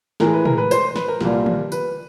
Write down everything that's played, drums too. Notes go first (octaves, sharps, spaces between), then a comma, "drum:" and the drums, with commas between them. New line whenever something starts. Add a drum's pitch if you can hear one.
A2 E3 G#3 A#4, drum: snare
B4
A#4, drum: tom
B4
C5, drum: tambourine
B4, drum: snare
A#4
C2 A#2 G3, drum: snare
drum: tom
B4, drum: tambourine